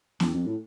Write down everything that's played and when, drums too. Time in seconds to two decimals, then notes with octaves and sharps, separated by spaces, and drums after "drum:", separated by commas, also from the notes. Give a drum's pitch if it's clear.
0.20 E2, drum: snare B3
0.34 F2
0.46 A2